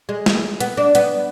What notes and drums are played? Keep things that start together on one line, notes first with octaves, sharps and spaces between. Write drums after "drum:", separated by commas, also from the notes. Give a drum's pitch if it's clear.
G#3
drum: snare
B3, drum: hi-hat
D4
B3, drum: hi-hat